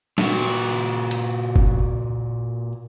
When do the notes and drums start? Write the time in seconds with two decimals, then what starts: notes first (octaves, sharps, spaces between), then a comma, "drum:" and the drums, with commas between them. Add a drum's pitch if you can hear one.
0.18 A#2 F#4, drum: snare
1.11 drum: hi-hat
1.56 drum: kick